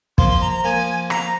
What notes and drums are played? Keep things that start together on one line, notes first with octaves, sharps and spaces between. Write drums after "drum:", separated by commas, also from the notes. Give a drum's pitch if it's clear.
F3 A#3 C6, drum: kick
C6
A#5
A#5
F3 A#3 G#5
A#5, drum: rim click